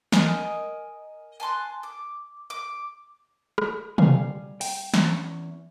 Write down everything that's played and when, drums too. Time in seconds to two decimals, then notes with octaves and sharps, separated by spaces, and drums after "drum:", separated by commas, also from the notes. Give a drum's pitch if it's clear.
0.12 A#4 D#5 G#5 D#6, drum: snare
1.40 G#5 A5 C6 F#6
1.83 D6
2.50 D6
3.58 drum: rim click
3.98 G3 F5 G#5, drum: tom
4.61 G5, drum: open hi-hat
4.94 E2 C#4, drum: snare